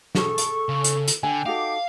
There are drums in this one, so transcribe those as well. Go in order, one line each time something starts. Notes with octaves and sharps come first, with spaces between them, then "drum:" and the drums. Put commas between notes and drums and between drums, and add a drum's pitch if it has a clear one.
G#4 A4 C#6, drum: snare
drum: hi-hat
C#3
drum: hi-hat
drum: hi-hat
D3 G5 G#5
D#4 F#4 A4 F5 D6